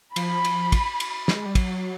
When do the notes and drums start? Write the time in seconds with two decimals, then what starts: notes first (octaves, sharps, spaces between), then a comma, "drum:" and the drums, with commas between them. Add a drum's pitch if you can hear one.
0.16 F3 B5, drum: cymbal
0.45 drum: cymbal
0.72 drum: kick, cymbal
1.00 drum: cymbal
1.28 G#3, drum: snare
1.46 G3
1.55 F#3, drum: kick, cymbal